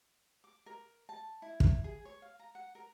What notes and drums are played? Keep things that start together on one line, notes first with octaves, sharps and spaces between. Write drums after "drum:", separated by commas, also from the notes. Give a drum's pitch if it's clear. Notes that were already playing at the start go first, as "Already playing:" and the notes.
D6
A#4
A5
E4
drum: kick
G#4
C#5
F5
A#5
F#5
A#4